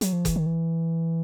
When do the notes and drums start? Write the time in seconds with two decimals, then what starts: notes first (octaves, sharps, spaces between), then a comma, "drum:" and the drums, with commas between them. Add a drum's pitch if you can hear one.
0.01 F#3, drum: hi-hat
0.13 F3
0.25 E3, drum: kick F#1, hi-hat
0.36 D#3
0.46 E3